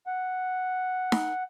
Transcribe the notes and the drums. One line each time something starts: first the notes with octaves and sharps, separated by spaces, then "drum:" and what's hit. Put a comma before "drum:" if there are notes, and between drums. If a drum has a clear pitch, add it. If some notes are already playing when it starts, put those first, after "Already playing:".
F#5
drum: snare D#4